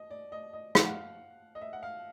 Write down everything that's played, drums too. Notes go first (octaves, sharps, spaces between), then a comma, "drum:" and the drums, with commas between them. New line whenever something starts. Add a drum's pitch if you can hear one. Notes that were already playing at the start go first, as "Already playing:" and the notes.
Already playing: D#5
D5
D#5
D#5
F5, drum: rim click
F#5
F5
D#5
E5
F#5
F5